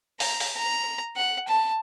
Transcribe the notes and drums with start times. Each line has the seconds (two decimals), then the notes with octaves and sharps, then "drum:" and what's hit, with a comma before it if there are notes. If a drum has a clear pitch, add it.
0.20 A#5, drum: open hi-hat
0.40 drum: open hi-hat
0.57 A#5
1.16 F#5
1.48 A5